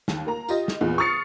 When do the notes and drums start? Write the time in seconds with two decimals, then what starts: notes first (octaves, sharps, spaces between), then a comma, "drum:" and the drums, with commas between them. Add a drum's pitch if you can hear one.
0.08 D#2, drum: snare
0.27 A#3 A#5
0.48 F4 G4 D#5, drum: tambourine
0.68 drum: snare
0.81 E2 A#2
0.98 C#6 D#6 F6 A6 C7 C#7